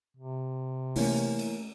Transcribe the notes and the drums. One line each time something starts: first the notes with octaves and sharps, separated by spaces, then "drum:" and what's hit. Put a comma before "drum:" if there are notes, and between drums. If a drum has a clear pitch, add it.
C3
E3 A3 A#3 C#4, drum: open hi-hat
drum: cymbal